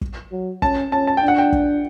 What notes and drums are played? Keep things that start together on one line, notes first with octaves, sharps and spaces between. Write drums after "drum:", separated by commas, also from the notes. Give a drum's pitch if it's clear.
drum: kick
F#3
C#4 A5, drum: kick
C#4 A5
A5
G5
D4
F#5
G5
drum: kick